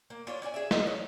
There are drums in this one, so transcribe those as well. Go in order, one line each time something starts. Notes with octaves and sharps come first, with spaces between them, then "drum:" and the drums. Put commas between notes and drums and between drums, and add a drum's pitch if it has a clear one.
A#3
C#4 D4 F4
C#4 D5 G5 G#5
G#4 E5
D#5 F#5, drum: snare
C#5